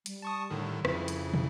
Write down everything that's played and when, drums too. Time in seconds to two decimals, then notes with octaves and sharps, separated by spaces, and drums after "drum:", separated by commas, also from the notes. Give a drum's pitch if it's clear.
0.06 G3, drum: hi-hat
0.22 A5 C#6 D#6
0.50 A2 D3 D#3
0.85 F2 C#3 F3 E4, drum: rim click
1.08 drum: hi-hat
1.34 drum: tom